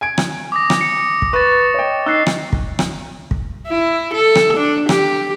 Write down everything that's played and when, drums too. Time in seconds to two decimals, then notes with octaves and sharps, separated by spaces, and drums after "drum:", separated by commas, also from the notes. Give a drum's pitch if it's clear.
0.01 G#5 G#6 D7
0.18 drum: rim click
0.52 D6 D#6 A#6
0.70 drum: rim click
0.81 C#7
1.22 drum: kick
1.33 B4 C#6 D6 A6
1.74 C#5 D#5 G5
2.06 D#4 E6 F#6 C7
2.26 drum: rim click
2.53 drum: kick
2.79 drum: rim click
3.31 drum: kick
3.67 E4
4.14 A4
4.35 drum: rim click
4.57 D4
4.89 G4, drum: rim click